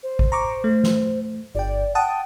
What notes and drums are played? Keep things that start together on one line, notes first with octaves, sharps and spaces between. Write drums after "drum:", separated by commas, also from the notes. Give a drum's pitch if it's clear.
C5
drum: kick A1
A#5 C#6 D6
A3
drum: snare
G1 D5 G5
F#5 G5 A5 D#6